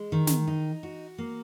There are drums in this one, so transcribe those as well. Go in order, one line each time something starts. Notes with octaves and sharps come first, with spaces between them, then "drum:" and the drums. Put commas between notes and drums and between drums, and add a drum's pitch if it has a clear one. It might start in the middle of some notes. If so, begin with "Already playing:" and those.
Already playing: G#3
D#3
drum: snare
D#4
F#4
A#3